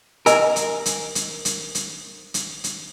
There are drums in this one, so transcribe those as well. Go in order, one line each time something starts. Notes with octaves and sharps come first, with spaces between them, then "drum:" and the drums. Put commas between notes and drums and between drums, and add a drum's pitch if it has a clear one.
A#4 D#5 G#5 E6, drum: hi-hat
drum: hi-hat
drum: hi-hat
drum: hi-hat
drum: hi-hat
drum: hi-hat
drum: hi-hat
drum: hi-hat